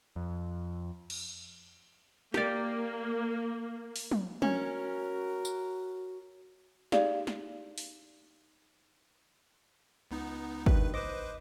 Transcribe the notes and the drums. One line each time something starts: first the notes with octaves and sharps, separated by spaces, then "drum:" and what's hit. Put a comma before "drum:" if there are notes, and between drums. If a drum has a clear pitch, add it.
F2
drum: cymbal
A#3 G4 D5, drum: snare
drum: open hi-hat
drum: tom
C#4 F#4 A#4, drum: tom
drum: tambourine
D#4 G4 G#4 D5 F5, drum: snare
drum: snare
drum: open hi-hat
C#2 B3 D#4
G2 D#3 B4, drum: kick
B4 C5 D#5 D6